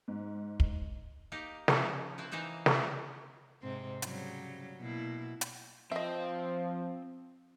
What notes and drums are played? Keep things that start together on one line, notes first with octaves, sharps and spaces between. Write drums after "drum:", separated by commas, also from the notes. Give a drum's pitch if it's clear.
G#2
drum: kick
A#3 D#4 G4
F3 C#4 D#4, drum: snare
C4 E4 B4
E3 A#3 C4 D#4 E5
drum: snare
G#2 C3 C4
C#3 F#3 G3, drum: hi-hat
B2 A#3 E4
drum: hi-hat
F3 C4 D#5 E5 G5